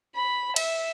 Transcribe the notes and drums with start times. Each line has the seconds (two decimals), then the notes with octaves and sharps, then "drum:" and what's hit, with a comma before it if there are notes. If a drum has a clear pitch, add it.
0.16 B5
0.56 E5, drum: cymbal